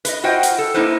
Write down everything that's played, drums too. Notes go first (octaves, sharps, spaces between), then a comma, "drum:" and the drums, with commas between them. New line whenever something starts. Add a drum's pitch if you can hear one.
B4 D#5, drum: hi-hat
F4 F#4 C5 D#5 F#5 G5
drum: hi-hat
A4
A#3 D#4 E4 A4 B4 C5